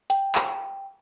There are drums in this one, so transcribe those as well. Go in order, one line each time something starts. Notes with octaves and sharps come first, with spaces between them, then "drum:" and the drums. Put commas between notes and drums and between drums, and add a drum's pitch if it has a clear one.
G5, drum: hi-hat
drum: clap